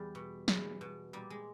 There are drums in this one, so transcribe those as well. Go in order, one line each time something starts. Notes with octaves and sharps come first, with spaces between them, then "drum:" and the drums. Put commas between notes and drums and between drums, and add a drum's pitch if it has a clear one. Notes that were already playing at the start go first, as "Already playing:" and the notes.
Already playing: E2 G3
B2
E2, drum: snare
B2
A#2 G3
G#3